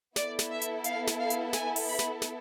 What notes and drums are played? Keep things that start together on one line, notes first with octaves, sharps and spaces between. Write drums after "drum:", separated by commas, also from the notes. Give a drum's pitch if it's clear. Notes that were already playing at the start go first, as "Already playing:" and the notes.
B3 E4 A4 D5, drum: snare
drum: snare
E5
drum: hi-hat
F5, drum: hi-hat
drum: snare
F5
drum: hi-hat
G#5, drum: snare
drum: open hi-hat
B5
drum: snare
drum: snare